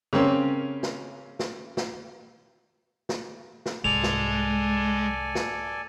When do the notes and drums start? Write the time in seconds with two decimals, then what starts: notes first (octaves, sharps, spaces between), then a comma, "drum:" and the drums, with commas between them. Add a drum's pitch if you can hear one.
0.13 C#3 A#3 C4 C#4
0.83 drum: snare
1.39 drum: snare
1.77 drum: snare
3.09 drum: snare
3.66 drum: snare
3.84 C2 G#2 G#3 A4 D5 G#5 F7
4.03 drum: snare
5.35 drum: snare